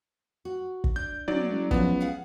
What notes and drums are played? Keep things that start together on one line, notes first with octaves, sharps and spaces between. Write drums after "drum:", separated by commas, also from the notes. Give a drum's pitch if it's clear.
F#4
drum: kick
D4 G6
F#3 D5, drum: tom
F#1
C#2 F3 F#3 B3 A5, drum: kick
G#4 F5 F#5